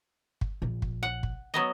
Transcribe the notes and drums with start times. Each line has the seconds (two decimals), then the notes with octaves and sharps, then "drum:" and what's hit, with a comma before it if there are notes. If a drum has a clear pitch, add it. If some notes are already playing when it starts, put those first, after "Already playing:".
0.41 drum: kick
0.62 A#1
0.82 drum: kick
1.03 F#5
1.23 drum: kick
1.54 F#3 B3 D#5